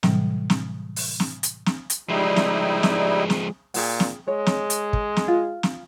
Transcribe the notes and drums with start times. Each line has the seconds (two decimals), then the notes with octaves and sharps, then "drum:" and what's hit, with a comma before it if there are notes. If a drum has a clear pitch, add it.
0.03 A2 C3 E3 F#3 G3, drum: snare
0.50 drum: snare
0.96 drum: open hi-hat
1.20 drum: snare
1.43 drum: hi-hat
1.66 drum: snare
1.90 drum: hi-hat
2.09 F3 G3 G#3 D#4 E4
2.36 drum: snare
2.83 drum: snare
3.30 drum: snare
3.74 A#2 G#4 G5, drum: open hi-hat
4.00 drum: snare
4.28 G#3 C#5
4.46 drum: snare
4.70 drum: hi-hat
4.93 drum: kick
5.16 drum: snare
5.28 F4
5.63 drum: snare